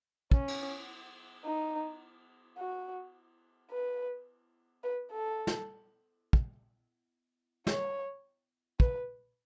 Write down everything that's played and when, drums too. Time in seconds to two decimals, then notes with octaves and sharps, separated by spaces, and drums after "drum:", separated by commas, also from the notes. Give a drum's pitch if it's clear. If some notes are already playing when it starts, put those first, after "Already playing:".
0.32 C#4, drum: kick
0.48 drum: cymbal
1.45 D#4
2.58 F#4
3.71 B4
4.84 B4
5.12 A4
5.47 drum: snare
6.33 drum: kick
7.67 C#5, drum: snare
8.80 B4, drum: kick